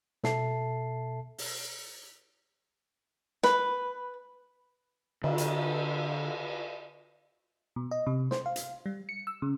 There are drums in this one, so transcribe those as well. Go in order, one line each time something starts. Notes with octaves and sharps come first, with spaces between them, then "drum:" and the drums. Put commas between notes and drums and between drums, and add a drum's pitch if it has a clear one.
B2 A4 E5 A5 C7, drum: snare
drum: open hi-hat
B4, drum: snare
D3, drum: cymbal
drum: hi-hat
B2
D#5
C3
C5, drum: snare
F5
drum: hi-hat
G3
C#7
E6
C#3